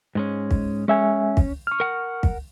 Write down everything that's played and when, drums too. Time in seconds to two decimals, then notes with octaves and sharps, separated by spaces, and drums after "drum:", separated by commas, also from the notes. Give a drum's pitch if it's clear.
0.15 G#2 G#3 C#4
0.51 drum: kick
0.88 G#3 C#4 E5 G#5
1.37 drum: kick
1.67 C#6 F6
1.80 A#4 F#5
2.23 drum: kick